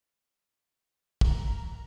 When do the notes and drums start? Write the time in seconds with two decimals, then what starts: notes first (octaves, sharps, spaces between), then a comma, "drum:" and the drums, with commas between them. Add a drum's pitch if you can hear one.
1.21 A#4 A#5, drum: kick